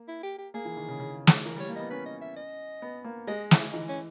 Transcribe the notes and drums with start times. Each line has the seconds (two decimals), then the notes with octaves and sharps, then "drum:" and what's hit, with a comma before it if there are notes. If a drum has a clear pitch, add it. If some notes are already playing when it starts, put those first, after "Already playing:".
Already playing: A#3
0.08 E4
0.23 G4
0.38 G4
0.54 A#3 G#4
0.65 E3
0.77 D#3
0.88 C#3
0.99 C#3
1.27 drum: snare
1.45 E3 A#4
1.56 G3
1.60 C#5
1.69 A#3
1.76 B3 D#5
1.90 C#4 B4
2.06 D#5
2.22 E5
2.37 D#5
2.82 B3
3.04 A#3
3.27 G#3 D#5
3.51 E4, drum: snare
3.73 E3 D#4
3.89 C#4